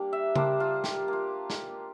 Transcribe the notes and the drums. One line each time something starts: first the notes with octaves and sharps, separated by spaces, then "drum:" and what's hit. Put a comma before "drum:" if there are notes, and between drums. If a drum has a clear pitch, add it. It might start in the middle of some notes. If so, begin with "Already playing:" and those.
Already playing: G3 A#3 D4
E5
G3 A#3 D4 C5, drum: tom C#3
F4
G4, drum: snare
A#3 F4
drum: snare